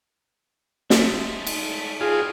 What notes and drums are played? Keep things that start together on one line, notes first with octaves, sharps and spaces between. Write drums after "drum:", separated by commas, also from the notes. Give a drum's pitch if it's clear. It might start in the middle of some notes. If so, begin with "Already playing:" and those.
G#3 A3, drum: snare
drum: cymbal
B2 C4 F4 G#4